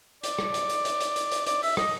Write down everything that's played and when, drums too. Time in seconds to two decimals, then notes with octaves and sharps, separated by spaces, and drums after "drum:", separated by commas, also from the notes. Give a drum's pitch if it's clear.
0.23 D5, drum: hi-hat
0.38 drum: rim click
0.54 drum: hi-hat
0.69 drum: hi-hat
0.85 drum: hi-hat
1.00 drum: hi-hat
1.16 drum: hi-hat
1.31 drum: hi-hat
1.46 D5, drum: hi-hat
1.63 E5, drum: open hi-hat
1.77 D#5, drum: rim click